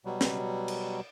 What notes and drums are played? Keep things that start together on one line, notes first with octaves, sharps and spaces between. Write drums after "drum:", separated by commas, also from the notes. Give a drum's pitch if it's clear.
B2 F#3 G3
drum: snare
drum: cymbal